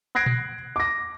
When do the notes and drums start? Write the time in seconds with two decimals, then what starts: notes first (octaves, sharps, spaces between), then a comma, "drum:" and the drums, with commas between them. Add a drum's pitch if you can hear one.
0.15 F#6 G#6 A#6 C7 D7
0.26 drum: tom A#2
0.76 D6 A#6